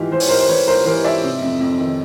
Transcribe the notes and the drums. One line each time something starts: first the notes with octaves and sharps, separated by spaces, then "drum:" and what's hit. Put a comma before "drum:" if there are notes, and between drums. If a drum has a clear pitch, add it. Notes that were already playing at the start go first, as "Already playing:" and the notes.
Already playing: G#2 E3 F4 G4
E3 C5
C#5, drum: open hi-hat
G#2 A#4 C5
C5
E3 B4 C#5
G#2 A#4 C5
E3 A#4 C5
G#2 D5 E5
C3
F2
F2
D#3